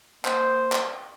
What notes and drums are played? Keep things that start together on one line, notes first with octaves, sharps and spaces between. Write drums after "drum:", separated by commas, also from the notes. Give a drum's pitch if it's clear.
A#3 C5, drum: clap
drum: clap